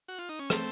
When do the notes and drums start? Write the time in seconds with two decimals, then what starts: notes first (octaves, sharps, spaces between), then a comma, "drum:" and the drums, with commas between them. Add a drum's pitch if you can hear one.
0.08 F#4
0.19 F4
0.29 D#4
0.39 C#4
0.50 A3 C4, drum: rim click